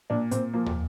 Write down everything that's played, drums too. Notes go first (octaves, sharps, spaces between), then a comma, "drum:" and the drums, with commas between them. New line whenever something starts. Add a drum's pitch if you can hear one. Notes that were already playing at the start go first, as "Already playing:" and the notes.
A#2 D4
A#2 C4, drum: hi-hat
F3 A#3
drum: tom